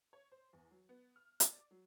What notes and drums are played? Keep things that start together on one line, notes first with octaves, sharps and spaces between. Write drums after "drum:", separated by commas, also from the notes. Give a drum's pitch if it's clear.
C#5
C5
E2
F#3
B3
F6
D5, drum: hi-hat
F#3